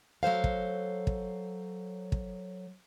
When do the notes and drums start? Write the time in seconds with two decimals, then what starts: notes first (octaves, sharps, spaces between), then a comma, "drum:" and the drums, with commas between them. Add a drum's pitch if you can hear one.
0.23 F#3 A4 C5 F5
0.44 drum: kick
1.07 drum: kick
2.12 drum: kick